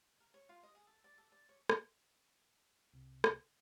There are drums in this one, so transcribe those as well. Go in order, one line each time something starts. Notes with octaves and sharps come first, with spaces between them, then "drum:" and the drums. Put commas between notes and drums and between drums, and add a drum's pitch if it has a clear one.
A#4
C#5
F4
D#5
G#4
A4
D5
A4
D5
C#5
drum: rim click
C2
drum: rim click